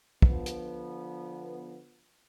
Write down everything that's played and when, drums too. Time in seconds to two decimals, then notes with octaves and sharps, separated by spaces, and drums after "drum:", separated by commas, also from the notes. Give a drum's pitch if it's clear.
0.22 D3 F3 B3, drum: kick
0.46 drum: hi-hat